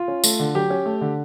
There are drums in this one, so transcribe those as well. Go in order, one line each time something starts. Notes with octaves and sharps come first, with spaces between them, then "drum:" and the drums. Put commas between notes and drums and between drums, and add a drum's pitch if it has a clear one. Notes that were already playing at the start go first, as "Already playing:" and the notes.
Already playing: F4
C#4
A3, drum: tambourine
D3
F#3 G4
C#4
A3
D3